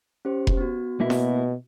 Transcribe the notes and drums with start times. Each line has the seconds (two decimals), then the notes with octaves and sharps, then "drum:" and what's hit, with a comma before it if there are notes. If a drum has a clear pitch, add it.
0.25 C#4 G4 C5
0.47 drum: kick F1
0.57 B3 F#4
1.00 B2 A#3 E4
1.10 drum: snare E4